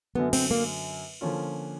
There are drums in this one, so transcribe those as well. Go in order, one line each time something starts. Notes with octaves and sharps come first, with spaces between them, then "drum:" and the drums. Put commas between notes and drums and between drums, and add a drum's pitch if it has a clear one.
F#2 D3 F#3 B3
C4, drum: cymbal
A#3
D3 F3 A#3 C#4 F4